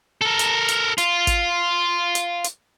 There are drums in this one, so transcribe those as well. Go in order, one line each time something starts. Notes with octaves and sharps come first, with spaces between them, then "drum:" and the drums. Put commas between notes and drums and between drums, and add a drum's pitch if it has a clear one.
A4 A#4
drum: hi-hat
drum: hi-hat
F4, drum: hi-hat
drum: kick, hi-hat
drum: hi-hat
drum: hi-hat